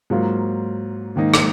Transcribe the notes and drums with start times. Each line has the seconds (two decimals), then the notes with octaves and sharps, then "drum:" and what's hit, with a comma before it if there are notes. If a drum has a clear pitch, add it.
0.10 G#2 F#3 A#3 F4
1.16 G#2 D#3 A#3 D#4
1.34 drum: rim click